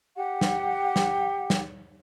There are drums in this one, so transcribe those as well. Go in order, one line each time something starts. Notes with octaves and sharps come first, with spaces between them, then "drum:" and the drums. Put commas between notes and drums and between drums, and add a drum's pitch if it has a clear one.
G4 F#5
drum: snare
drum: snare
drum: snare